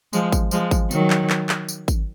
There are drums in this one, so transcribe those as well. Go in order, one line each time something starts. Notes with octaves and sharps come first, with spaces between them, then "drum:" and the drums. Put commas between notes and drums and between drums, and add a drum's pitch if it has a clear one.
F3 G#3, drum: tambourine
drum: kick G#1, tambourine
F3 G#3, drum: tambourine
drum: kick G#1, tambourine
D#3 F#3, drum: tambourine
drum: clap
drum: clap
drum: clap
drum: tambourine
drum: kick G#1, tambourine